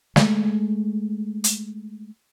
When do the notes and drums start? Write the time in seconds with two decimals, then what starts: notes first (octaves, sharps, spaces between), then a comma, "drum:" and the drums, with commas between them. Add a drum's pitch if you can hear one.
0.16 G#3 A3, drum: snare
1.44 drum: hi-hat